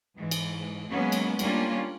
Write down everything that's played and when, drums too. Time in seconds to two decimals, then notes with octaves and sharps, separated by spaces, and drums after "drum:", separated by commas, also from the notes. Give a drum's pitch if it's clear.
0.17 G#2 E3 G#3
0.31 drum: cymbal
0.90 F#3 G#3 A#3 B3 C#4
1.12 drum: cymbal
1.39 G3 A#3 C#4 D4 F4, drum: cymbal